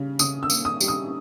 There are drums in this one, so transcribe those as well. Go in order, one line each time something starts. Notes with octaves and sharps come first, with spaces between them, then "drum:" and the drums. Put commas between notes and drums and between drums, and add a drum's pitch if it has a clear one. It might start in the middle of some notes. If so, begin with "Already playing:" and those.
Already playing: C#3 G3
C#3 D#6, drum: tambourine
E6
A#3, drum: tambourine
D#6
G3, drum: tambourine
D#6